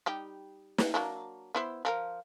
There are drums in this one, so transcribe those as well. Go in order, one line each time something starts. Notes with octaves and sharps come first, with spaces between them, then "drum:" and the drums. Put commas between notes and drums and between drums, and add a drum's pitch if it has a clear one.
G3 D#4 G4
drum: snare
F#3 A#3 D4
B3 E4 C5
F3 A4 A#4